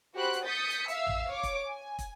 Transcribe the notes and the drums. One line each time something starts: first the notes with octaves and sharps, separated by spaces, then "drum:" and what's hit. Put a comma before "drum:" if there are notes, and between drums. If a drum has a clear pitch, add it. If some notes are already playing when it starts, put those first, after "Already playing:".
F#4 G4 C5 B5 F#6
drum: hi-hat
D#6 G6 A6 B6 C#7
drum: hi-hat
E5 F5 E6, drum: hi-hat
drum: tom A1
C#5 D6
drum: kick, hi-hat
G#5
drum: kick, hi-hat